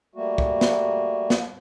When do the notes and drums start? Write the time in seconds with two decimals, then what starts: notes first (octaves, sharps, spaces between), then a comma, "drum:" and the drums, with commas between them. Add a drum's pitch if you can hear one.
0.15 G3 A3 A#3 F#4
0.38 drum: kick
0.61 drum: snare
1.30 drum: snare